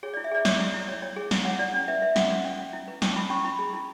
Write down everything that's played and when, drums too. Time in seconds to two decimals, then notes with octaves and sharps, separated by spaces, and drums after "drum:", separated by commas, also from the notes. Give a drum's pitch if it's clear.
0.03 G#4 C#5
0.14 E4 D5
0.24 E5
0.31 G#4 D5
0.45 C#5 D5, drum: snare
0.60 E4
0.74 E4
0.88 C#5
1.02 C#5
1.16 G#4
1.31 E4, drum: snare
1.45 C#5 F#5
1.59 E4 D5
1.73 C#4 D5
1.88 B4 E5
2.02 B4 E5
2.16 C#4 F#5, drum: snare
2.30 C#4
2.45 C#4
2.59 C#4
2.73 E4
2.88 B4
3.02 C#4 A5, drum: snare
3.16 E4 B5
3.30 C#4 C#6
3.45 E4 B5
3.59 G#4
3.74 E4